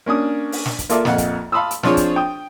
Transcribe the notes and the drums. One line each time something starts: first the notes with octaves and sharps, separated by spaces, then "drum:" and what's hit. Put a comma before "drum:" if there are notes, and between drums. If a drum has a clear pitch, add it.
A#3 C#4 D4 D#6
drum: open hi-hat
drum: snare
drum: kick, hi-hat
A#3 F4 A4 D5 E5 F5, drum: hi-hat
A#1 F2 F5 F#5, drum: snare
drum: kick, hi-hat
F5 A5 B5 C6 D#6 E6
drum: hi-hat
F3 C4 D4 F4 G#4 C#5, drum: snare
drum: kick, hi-hat
G5 D#6